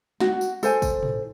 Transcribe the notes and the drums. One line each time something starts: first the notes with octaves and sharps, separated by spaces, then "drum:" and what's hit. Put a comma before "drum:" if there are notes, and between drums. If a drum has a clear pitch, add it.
F#4, drum: snare
drum: tambourine
A4 C5 G#5, drum: tambourine
drum: kick, tambourine
drum: tom